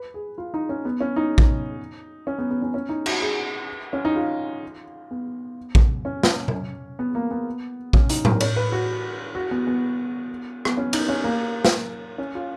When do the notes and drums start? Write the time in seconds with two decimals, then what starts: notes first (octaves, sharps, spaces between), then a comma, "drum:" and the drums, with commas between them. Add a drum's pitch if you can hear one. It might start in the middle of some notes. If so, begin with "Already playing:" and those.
Already playing: B4
0.14 G#4
0.38 F4
0.54 D#4
0.69 C#4
0.85 B3
1.01 C#4
1.16 D#4
1.38 drum: kick
2.27 C#4
2.39 B3
2.51 B3
2.62 C#4
2.74 C#4
2.89 D#4
3.06 F#4, drum: cymbal
3.21 G#4
3.93 C#4
4.05 D#4
4.16 F4
5.11 B3
5.75 drum: kick
6.05 C#4
6.23 drum: snare
6.48 drum: tom B2
6.99 B3
7.15 A#3
7.31 B3
7.93 C#4, drum: kick
8.09 D#4, drum: hi-hat
8.25 A#4, drum: tom A2
8.41 C#5, drum: cymbal
8.56 B4
8.72 F#4
9.35 F#4
9.51 B3
9.67 B3
10.65 B3, drum: rim click
10.77 C#4
10.93 D#4, drum: cymbal
11.09 C#4
11.24 A#3
11.65 drum: snare
12.18 C#4
12.35 F4